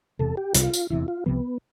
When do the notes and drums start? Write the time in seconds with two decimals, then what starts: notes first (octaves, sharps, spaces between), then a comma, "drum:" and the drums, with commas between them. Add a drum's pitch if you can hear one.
0.19 E1 E2 C3 A4
0.37 G4
0.54 C2 C3 G3 F4, drum: hi-hat
0.73 drum: tambourine
0.90 F1 E2 C3 E4
1.08 F4
1.26 C2 C3 F3 B3